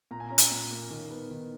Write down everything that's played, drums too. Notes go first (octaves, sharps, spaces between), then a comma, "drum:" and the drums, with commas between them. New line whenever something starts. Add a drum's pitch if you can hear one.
A#2 A#5
G#5
C#4 A#5
drum: hi-hat
A#2
A#3
D#3
B3
D#3